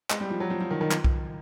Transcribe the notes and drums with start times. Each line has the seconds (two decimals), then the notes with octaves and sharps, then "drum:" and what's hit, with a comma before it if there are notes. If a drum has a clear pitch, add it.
0.10 G#3, drum: clap
0.20 G3
0.30 F3
0.40 F#3
0.50 F3
0.60 F3
0.70 D#3
0.81 D#3
0.91 F3, drum: clap
1.04 drum: kick B1